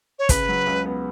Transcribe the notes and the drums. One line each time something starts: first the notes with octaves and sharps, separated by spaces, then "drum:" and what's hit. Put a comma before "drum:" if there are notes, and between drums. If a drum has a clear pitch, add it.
C#5
C#3 B4, drum: kick, hi-hat
F#3
C#2
B3